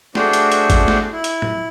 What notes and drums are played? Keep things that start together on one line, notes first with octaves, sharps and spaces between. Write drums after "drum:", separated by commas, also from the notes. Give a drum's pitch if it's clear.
A3 D4 F#4 G#4 C5 G5, drum: snare
drum: hi-hat
drum: hi-hat
drum: kick G#1, hi-hat
drum: snare
E4
drum: hi-hat
drum: tom